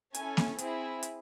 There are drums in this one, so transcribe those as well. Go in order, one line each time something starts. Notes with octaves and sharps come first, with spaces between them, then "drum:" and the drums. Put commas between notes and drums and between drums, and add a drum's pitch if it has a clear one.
C#4 E4 A4 G#5, drum: hi-hat
drum: snare A#3
C4 E4 G#4, drum: hi-hat
drum: hi-hat